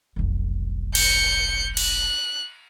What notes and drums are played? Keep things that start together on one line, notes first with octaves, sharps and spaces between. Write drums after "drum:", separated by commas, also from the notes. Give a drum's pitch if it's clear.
F1 B1
G6 C#7, drum: cymbal
F#6, drum: cymbal